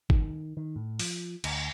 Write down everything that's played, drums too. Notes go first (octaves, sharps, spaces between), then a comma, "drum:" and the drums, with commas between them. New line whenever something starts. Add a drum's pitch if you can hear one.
D#3, drum: kick
D#3
A2
F3, drum: open hi-hat
D2, drum: cymbal